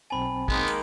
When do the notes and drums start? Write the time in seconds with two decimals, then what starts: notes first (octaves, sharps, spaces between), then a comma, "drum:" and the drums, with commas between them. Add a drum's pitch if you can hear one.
0.10 B1 C4 G#5 A5 B5
0.48 D#3 G#3 A#3 B3, drum: kick
0.68 drum: cymbal